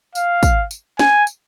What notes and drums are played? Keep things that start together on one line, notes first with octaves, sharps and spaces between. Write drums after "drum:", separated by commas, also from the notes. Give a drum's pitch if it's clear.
F5, drum: tambourine
drum: kick, tambourine
drum: tambourine
G#5, drum: snare
drum: tambourine